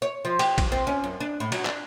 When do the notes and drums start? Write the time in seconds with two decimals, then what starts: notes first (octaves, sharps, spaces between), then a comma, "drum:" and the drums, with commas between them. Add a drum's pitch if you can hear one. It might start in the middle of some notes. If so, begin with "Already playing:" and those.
0.02 C#5
0.25 F3
0.39 G4, drum: cymbal
0.58 drum: kick A#1, cymbal
0.72 C4
0.87 C#4
1.04 F#2
1.20 D4
1.40 A2
1.52 F#3, drum: cymbal
1.65 D4, drum: clap